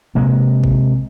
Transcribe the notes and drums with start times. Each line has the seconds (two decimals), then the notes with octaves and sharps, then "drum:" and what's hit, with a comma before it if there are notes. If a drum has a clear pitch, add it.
0.15 C3 G#3 A#3
0.64 drum: kick